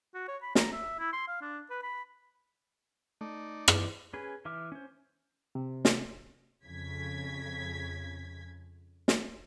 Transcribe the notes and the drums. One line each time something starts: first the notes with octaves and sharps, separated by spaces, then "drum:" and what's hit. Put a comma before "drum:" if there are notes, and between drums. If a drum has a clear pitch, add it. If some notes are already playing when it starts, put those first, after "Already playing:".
F#4
C#5
B5
A#5, drum: snare
E5
E4
C6
F5
D4
B4
B5
A3 D#4 D5
drum: rim click
C5
C#4 G#4 B4
E3 E5 D6 F6
C#4 C5
C3
drum: snare
F2 C#3 G#6 B6
drum: snare